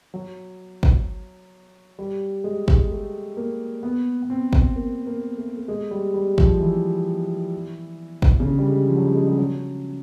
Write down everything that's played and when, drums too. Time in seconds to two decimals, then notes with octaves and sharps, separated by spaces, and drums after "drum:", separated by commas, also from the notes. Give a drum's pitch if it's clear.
0.14 F#3
0.83 drum: kick
1.99 G3
2.44 G#3
2.68 drum: kick
2.91 A3
3.37 A#3
3.83 B3
4.23 B3
4.30 C4
4.53 drum: kick
4.76 A#3
5.07 A#3
5.37 A3
5.57 A3
5.68 G#3
5.91 G3
6.14 G3
6.38 F3, drum: kick
6.60 E3
8.22 drum: kick
8.40 C#3
8.45 D3
8.59 G3
8.69 G#3
8.88 F3
8.97 F#3
9.07 G3
9.15 G#3
9.27 G3
9.38 F#3